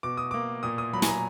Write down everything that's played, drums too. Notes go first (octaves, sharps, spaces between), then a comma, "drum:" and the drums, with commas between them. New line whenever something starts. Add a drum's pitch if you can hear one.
B2 D6
D#6
A#3 D6
A#2 D#6
D#6
F#3 B5
G#5, drum: snare
A#5